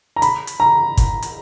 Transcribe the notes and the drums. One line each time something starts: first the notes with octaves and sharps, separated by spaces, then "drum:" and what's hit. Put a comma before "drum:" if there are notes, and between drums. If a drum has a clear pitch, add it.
A#5
B5, drum: hi-hat
drum: hi-hat
A#5
drum: kick, hi-hat
drum: hi-hat